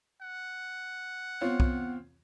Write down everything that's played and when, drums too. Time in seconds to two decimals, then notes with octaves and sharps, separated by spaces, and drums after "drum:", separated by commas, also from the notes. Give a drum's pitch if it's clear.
0.22 F#5
1.41 B3 C4 F4 C#5
1.60 drum: kick B1